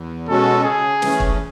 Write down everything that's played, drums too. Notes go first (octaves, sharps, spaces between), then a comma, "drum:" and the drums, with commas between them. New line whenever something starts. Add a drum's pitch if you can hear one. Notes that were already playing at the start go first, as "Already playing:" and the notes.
Already playing: E2
B2 G#3 C#4 F#4 A4
C#3 G#4
E3 A3 C#4, drum: snare
drum: kick